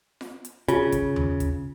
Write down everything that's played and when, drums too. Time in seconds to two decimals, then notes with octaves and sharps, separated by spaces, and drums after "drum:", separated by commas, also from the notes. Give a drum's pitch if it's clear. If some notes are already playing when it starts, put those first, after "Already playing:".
0.21 drum: snare F4
0.45 drum: hi-hat
0.68 C#3 F4, drum: hi-hat
0.92 drum: kick, hi-hat
1.16 drum: tom D#2
1.40 drum: kick, hi-hat